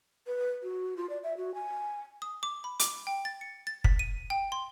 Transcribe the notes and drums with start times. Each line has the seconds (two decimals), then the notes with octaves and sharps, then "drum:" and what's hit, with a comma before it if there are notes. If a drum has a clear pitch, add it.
0.27 B4
0.63 F#4
0.97 F4
1.09 D5
1.24 E5
1.37 F#4
1.54 G#5
2.22 D#6
2.43 D6
2.64 B5
2.80 D6, drum: hi-hat
3.07 G5
3.25 A6
3.41 C#7
3.67 A6
3.84 B6, drum: kick
3.99 D#7
4.30 G5
4.52 C6